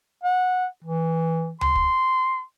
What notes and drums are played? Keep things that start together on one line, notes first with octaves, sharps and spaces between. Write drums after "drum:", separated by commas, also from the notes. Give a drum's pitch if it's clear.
F#5
E3
C6, drum: tom C#2
drum: kick